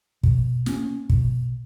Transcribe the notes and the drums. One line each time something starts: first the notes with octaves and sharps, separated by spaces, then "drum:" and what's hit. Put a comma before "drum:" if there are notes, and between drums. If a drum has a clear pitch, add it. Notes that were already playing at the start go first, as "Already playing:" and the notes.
B2, drum: kick
A#3 C#4, drum: snare
B2, drum: kick